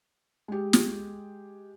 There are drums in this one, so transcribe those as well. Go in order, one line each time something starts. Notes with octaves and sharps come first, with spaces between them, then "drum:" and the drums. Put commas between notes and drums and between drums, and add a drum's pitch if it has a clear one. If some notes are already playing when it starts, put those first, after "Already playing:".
G#3 G4
drum: snare